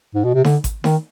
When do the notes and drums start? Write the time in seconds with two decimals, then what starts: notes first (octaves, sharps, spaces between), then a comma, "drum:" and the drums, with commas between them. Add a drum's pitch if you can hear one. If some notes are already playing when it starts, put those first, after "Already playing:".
0.15 G#2
0.24 B2
0.34 C3
0.44 D3, drum: snare D#4
0.64 drum: kick G#1, hi-hat
0.84 D#3, drum: snare D#4